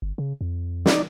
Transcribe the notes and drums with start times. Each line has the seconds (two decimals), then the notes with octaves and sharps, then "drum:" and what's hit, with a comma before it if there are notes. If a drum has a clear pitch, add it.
0.02 G1
0.18 C#3
0.41 F2
0.86 D#4 D5, drum: snare